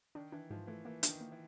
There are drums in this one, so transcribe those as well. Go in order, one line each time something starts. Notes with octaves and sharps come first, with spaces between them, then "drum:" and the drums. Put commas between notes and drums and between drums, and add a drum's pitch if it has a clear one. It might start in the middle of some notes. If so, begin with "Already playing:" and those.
D#3 D4
E3 D4
G#2 F3
E3 A3
E3 A#3
D4, drum: hi-hat
D#3
A#3
E3